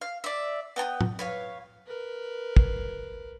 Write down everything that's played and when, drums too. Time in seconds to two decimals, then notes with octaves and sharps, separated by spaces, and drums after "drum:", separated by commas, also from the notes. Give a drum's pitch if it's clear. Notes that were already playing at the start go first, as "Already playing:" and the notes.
0.01 F5
0.24 D5 E5
0.76 B3 G5 A5 D#6
1.01 drum: tom
1.19 B4 C#5 F5
1.87 A#4 B4
2.56 drum: kick